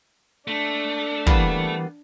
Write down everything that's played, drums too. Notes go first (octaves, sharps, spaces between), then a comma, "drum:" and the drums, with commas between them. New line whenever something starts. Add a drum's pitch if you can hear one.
A3 D4
E3 G3 A#3 B3, drum: kick